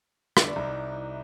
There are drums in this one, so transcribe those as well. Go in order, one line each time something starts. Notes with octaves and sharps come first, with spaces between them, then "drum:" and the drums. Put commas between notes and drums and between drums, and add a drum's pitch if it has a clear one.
D3 A3 B3 D4 E4, drum: rim click
C2 D#4 A#5